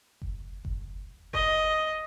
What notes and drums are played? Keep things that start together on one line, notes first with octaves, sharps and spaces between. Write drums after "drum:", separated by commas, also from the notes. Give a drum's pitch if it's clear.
drum: kick F#1
drum: kick F#1
D#5, drum: kick F#1